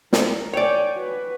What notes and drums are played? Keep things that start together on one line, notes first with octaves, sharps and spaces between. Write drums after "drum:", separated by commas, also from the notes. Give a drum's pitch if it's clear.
A#4, drum: snare
C#5 D5 G5 G#5
F#4 B4